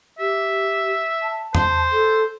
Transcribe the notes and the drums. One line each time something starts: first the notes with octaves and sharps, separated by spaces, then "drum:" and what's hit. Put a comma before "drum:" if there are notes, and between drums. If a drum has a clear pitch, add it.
G4 E5
A5
C5, drum: tom E2
A4